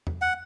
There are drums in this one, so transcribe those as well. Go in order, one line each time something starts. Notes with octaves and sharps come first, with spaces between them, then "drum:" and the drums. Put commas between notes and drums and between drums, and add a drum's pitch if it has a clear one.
drum: tom E2
F#5